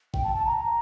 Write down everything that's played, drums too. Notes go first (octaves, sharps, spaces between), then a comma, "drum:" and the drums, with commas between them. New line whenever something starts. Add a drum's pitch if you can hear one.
G5, drum: kick A1
A5
A5
A#5